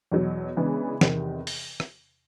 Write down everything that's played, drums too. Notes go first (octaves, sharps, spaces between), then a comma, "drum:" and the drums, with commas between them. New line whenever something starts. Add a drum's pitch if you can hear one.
E2 B2 F#3
C#3 E3 G#3 B3 D4
E2 C3 D#3, drum: snare
drum: open hi-hat
drum: rim click